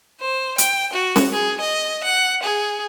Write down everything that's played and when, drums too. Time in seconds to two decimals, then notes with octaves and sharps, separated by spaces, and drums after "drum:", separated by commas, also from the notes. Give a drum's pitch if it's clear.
0.20 C5
0.58 G5, drum: hi-hat
0.93 F#4
1.16 drum: snare C#4
1.33 G#4
1.61 D#5
2.04 F#5
2.43 G#4